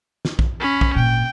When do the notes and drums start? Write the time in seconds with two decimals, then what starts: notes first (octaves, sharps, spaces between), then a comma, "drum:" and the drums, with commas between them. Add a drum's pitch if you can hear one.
0.25 drum: snare
0.39 drum: kick A#1
0.60 C#4 B5
0.81 drum: kick A#1
0.95 G#1 A#2 G5